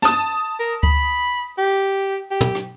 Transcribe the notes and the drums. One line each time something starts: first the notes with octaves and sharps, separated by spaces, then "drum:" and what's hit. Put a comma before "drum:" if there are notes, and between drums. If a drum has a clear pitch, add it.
A5 D#6, drum: snare
A#4
B5, drum: kick D2
G4
G4
drum: tom
drum: rim click